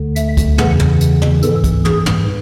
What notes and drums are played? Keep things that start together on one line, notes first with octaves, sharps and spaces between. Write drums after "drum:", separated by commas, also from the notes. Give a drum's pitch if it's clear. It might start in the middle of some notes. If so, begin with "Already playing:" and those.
Already playing: D2 D3
E5, drum: hi-hat
drum: kick, hi-hat
E2 C#3 E3 F#5, drum: tom
drum: tom
drum: hi-hat
drum: tom
G#2 E3 A4, drum: hi-hat
drum: kick, hi-hat
G#4, drum: tom
drum: tom